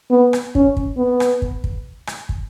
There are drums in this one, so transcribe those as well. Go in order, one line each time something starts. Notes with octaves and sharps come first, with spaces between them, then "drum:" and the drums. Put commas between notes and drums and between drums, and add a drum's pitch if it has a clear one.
B3
drum: rim click
C#4, drum: kick
drum: kick
B3
drum: rim click
drum: kick
drum: kick
drum: rim click
drum: kick